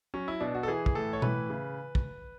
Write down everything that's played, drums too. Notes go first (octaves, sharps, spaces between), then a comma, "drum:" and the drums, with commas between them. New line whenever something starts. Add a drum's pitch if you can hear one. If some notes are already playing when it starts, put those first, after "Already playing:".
F#3 C#4
E4
B2 D4
F#4
A4
E3 G#4
drum: kick
A2 A4
C#5
E3 B4, drum: tom B2
C#3
drum: kick